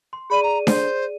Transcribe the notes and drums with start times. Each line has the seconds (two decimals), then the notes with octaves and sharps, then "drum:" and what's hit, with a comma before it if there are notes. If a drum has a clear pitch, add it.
0.13 C6
0.30 G#4 D5 B5 D#7
0.43 A#5
0.67 C5, drum: snare D4